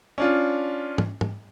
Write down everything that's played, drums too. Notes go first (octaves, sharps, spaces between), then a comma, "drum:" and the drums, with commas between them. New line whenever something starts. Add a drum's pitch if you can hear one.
C#4 D4 F4
drum: tom
drum: tom